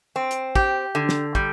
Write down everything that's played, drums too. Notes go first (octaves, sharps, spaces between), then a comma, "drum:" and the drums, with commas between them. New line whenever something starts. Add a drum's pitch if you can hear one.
C4
drum: hi-hat
G4, drum: kick
D3
drum: snare
G3, drum: kick